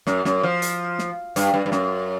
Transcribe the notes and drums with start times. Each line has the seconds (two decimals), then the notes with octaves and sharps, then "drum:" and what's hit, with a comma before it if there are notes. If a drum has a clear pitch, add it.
0.07 F#2, drum: snare
0.25 F#2, drum: snare
0.43 F3
0.62 drum: hi-hat
0.99 drum: snare
1.36 G2, drum: hi-hat
1.54 G2
1.66 G2
1.72 F#2, drum: snare